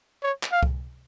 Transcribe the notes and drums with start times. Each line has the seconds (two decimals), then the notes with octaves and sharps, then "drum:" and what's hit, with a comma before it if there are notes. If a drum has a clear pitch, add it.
0.23 C#5
0.43 drum: clap
0.52 F5
0.63 drum: kick C2